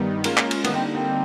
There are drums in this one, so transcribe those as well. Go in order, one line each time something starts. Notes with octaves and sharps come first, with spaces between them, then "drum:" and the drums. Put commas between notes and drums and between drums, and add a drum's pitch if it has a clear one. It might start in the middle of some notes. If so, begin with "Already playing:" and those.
Already playing: G2 D#3 G3 B3 D#4
G#3 A#3 C#4 F4 A#4, drum: cymbal
drum: clap
drum: cymbal
D3 G3 A#3 B3 D#4, drum: cymbal
C4
C4